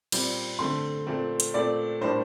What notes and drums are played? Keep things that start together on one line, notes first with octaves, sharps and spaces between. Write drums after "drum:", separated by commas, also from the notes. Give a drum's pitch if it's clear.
A#2 G3 C4, drum: cymbal
D3 A3 C4 C6
A#2 A3 C4
drum: hi-hat
A#2 A3 C4 D5
A2 G3 A#3 D4 C5